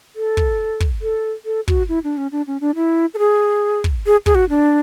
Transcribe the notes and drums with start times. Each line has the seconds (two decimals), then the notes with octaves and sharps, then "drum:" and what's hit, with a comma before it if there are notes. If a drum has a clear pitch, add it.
0.16 A4
0.37 drum: kick
0.80 drum: kick
1.02 A4
1.45 A4
1.68 F#4, drum: kick
1.89 E4
2.04 D4
2.17 C#4
2.32 D4
2.47 C#4
2.61 D4
2.76 E4
3.14 A4
3.19 G#4
3.84 drum: kick
4.06 G#4
4.26 G#4, drum: kick
4.35 F#4
4.50 D4